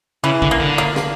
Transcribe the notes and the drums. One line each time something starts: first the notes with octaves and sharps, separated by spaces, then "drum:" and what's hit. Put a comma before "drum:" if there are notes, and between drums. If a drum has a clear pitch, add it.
C#3 E3
D3, drum: kick
A#3
D3
A#3
drum: snare